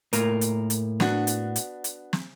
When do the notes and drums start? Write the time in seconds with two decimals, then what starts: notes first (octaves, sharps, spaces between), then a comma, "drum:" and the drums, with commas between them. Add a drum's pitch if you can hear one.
0.13 A2 A#3 A#4, drum: hi-hat
0.41 drum: hi-hat
0.70 drum: hi-hat
1.00 B3 D4 F#4, drum: snare
1.27 drum: hi-hat
1.56 drum: hi-hat
1.84 drum: hi-hat
2.13 drum: snare